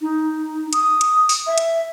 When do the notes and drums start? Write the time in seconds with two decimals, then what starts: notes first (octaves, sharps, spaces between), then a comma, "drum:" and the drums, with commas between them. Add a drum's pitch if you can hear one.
0.01 D#4
0.73 D#6, drum: hi-hat
1.01 drum: hi-hat
1.29 drum: open hi-hat
1.47 E5
1.58 drum: hi-hat